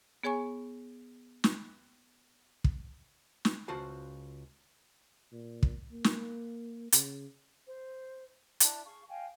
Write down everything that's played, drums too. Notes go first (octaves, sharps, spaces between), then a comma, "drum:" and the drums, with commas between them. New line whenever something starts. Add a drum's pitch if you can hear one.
B3 G#4 C#5 G#5 C#6
drum: snare
drum: kick
drum: snare
C#2 F4 F#4 C5 A5
A#2
drum: kick
A#3
drum: snare
C#3, drum: hi-hat
C5
D4 E4 E5 A5, drum: hi-hat
G#4 F5 C#6
D#5 F5 G5 G#5